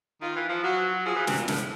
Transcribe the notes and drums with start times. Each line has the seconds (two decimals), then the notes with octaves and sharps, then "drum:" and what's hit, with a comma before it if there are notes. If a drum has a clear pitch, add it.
0.22 D#3 F4
0.36 E3
0.49 F3
0.64 F#3 F#4
1.06 F3 G#4
1.16 E3
1.27 C3, drum: snare
1.37 A#2
1.48 A2, drum: snare